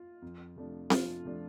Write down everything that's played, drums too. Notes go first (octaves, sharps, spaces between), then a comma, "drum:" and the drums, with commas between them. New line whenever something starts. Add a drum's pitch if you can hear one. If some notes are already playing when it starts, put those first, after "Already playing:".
Already playing: F4
F2
C3 F3 A3 D4
F2 F4, drum: snare C4
C3 F3 A3 D4